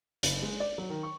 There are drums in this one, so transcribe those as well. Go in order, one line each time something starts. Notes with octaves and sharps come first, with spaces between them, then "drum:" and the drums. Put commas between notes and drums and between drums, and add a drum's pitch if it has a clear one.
F#1, drum: hi-hat
G#3
D5
F#3
D#3
C#6